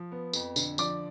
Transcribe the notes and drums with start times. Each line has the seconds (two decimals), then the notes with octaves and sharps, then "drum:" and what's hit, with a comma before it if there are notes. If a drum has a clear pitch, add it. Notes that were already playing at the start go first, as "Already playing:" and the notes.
Already playing: F3
0.12 B3
0.33 F2, drum: tambourine
0.56 D3, drum: tambourine
0.78 F3 D5 D6, drum: tambourine